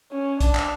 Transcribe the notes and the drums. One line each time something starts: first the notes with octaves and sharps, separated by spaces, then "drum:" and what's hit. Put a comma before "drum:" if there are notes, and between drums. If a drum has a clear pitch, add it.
C#4
D4, drum: kick, hi-hat
drum: clap